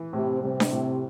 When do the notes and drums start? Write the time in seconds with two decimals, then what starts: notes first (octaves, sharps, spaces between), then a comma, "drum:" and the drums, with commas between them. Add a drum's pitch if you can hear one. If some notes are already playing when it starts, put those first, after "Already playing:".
Already playing: E3
0.13 A2 C3
0.42 C3 G3
0.60 drum: snare D4
0.71 A2